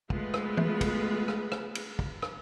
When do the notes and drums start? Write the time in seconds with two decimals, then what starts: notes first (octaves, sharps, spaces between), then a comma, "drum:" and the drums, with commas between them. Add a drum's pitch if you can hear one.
0.10 G#3 A3 B3 F4 B4, drum: kick
0.34 drum: rim click
0.57 drum: tom
0.81 drum: kick, cymbal
1.28 drum: rim click
1.52 drum: rim click
1.75 drum: cymbal
1.99 drum: kick
2.22 drum: rim click